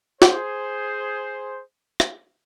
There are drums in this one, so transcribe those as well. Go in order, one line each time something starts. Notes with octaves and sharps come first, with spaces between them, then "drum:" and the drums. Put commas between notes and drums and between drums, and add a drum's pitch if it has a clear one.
G#4 C5, drum: snare
drum: rim click